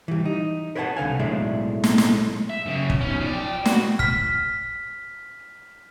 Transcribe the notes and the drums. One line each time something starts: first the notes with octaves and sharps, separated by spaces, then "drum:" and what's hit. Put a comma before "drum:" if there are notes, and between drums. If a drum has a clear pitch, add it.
E3 G3
D#4
A#4 B4 C#5 D#5 F#5 A5
C2 D3 F5 G#5
B1 A2 G#3 D4 D5 E5
drum: snare
drum: snare
E5
F#2 C#3
drum: kick
B3 C#4 D#4
F3 D5
G5
A#2 F#4 B4, drum: snare
F6 B6, drum: kick